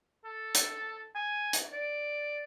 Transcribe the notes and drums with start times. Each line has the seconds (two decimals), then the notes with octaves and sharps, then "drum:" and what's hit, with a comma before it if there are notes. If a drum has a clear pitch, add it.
0.24 A4
0.55 drum: hi-hat
1.15 G#5
1.53 drum: hi-hat
1.73 D5